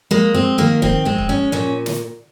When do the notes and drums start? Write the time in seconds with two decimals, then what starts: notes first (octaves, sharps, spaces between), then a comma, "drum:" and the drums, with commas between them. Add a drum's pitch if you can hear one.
0.11 G#3 A#3
0.35 C4
0.58 D#3 A#3
0.82 C4, drum: kick
1.05 G#3 C4
1.18 drum: kick
1.29 C#4
1.52 A#2 C#4
1.86 drum: snare